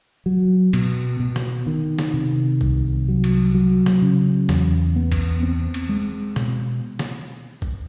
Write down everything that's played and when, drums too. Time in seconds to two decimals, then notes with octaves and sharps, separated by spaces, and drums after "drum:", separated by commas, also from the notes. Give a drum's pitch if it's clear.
0.26 F#3
0.73 B2, drum: cymbal
1.20 B2
1.36 drum: snare
1.67 D#3
1.99 drum: snare
2.14 C3
2.61 C2, drum: kick
3.08 F#3
3.24 drum: cymbal
3.54 F#3
3.86 drum: snare
4.02 C#3
4.49 E2, drum: snare
4.96 B3
5.12 drum: kick, cymbal
5.43 C4
5.74 drum: cymbal
5.89 G#3
6.36 B2, drum: snare
6.99 drum: snare
7.62 drum: kick